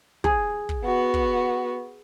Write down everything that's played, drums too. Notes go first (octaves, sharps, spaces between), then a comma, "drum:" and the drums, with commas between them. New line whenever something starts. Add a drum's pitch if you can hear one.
G#4, drum: kick
drum: kick
B3 F#4
drum: kick